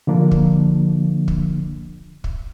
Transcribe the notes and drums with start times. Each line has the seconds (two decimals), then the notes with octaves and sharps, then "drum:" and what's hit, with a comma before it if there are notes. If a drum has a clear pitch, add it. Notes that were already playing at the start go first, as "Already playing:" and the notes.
0.07 D3 F3 A#3 D4
0.31 drum: kick
1.28 drum: kick
2.24 drum: kick